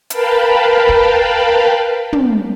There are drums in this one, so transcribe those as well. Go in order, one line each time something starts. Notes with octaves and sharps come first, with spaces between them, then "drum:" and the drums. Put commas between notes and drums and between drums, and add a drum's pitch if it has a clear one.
A#4 B4 F5 G5 A5 B5, drum: hi-hat
drum: kick
drum: tom